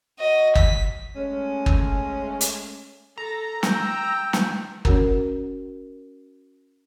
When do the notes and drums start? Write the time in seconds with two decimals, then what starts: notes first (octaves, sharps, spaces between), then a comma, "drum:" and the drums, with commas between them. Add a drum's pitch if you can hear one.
0.19 F#4 D#5
0.55 B6, drum: kick
1.16 G#3 A3 C#4
1.66 drum: kick
2.41 drum: hi-hat
3.18 A4 A#5
3.63 G5 E6, drum: snare
4.33 drum: snare
4.85 C#4 F#4 A#4, drum: kick